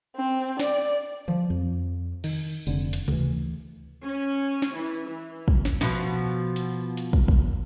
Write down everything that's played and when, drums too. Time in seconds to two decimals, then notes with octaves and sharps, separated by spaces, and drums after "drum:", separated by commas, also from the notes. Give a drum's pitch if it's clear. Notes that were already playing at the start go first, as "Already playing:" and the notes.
0.16 C4
0.60 D5, drum: snare
1.28 F3, drum: tom D3
1.50 F2
2.24 D#3, drum: cymbal
2.67 F1 D3, drum: tambourine
2.93 drum: hi-hat
3.08 D2 E3, drum: tom C3
4.04 C#4
4.62 drum: snare
4.75 E3
5.08 E3
5.48 drum: kick
5.65 drum: snare
5.81 B2 F3, drum: snare
6.56 drum: hi-hat
6.97 drum: hi-hat
7.13 drum: kick
7.28 drum: kick